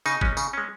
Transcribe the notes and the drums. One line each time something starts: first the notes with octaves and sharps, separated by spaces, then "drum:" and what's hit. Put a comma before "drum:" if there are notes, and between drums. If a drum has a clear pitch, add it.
C#3 D#4, drum: tambourine
G#3 C#4, drum: kick
C#3, drum: tambourine
G#3 C#4